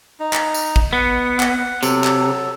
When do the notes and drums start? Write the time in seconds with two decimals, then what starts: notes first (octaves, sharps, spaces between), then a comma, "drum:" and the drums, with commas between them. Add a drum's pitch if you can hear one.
0.20 D#4
0.33 drum: clap
0.54 drum: tambourine
0.76 drum: kick
0.93 B3 F#5
1.40 drum: clap
1.83 C3 F#3 A4, drum: tambourine
2.04 drum: clap